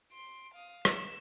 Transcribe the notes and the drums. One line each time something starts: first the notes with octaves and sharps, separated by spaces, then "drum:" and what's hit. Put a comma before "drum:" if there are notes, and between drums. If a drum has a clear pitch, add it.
C6 D7
F5 D#6
E7, drum: rim click